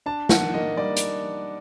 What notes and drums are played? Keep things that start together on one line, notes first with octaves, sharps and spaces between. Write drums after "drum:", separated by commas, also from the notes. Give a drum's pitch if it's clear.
D4 A5
D#3 F#5, drum: snare
A#3 D#5
G3 D5
drum: hi-hat